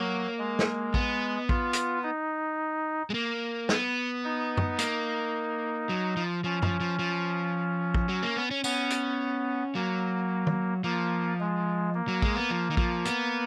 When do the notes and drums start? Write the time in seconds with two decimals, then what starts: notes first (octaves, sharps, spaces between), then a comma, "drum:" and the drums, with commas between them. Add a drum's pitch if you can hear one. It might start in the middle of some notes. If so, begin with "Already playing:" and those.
Already playing: F#3 A#3
0.39 G#3
0.59 drum: snare
0.94 B3, drum: kick
1.49 F4, drum: kick
1.73 drum: hi-hat
2.03 D#4
3.10 G#3
3.14 A#3
3.69 B3, drum: snare
4.24 D#4
4.57 drum: tom F#2
4.79 A#3, drum: hi-hat
5.89 F#3
6.17 F3
6.44 F3 C#4
6.62 F3, drum: tom F#2
6.80 F3
6.99 F3
7.94 drum: kick
8.09 F#3
8.23 A#3
8.37 B3
8.51 C#4
8.64 B3 C#4, drum: tambourine
8.90 drum: hi-hat
9.75 F#3 A#3
10.47 drum: tom
10.84 F3 A#3
11.40 G#3
11.94 A#3
12.08 F#3
12.22 G#3, drum: kick
12.36 B3
12.50 F3
12.71 D#3
12.77 F3, drum: kick
13.05 B3, drum: hi-hat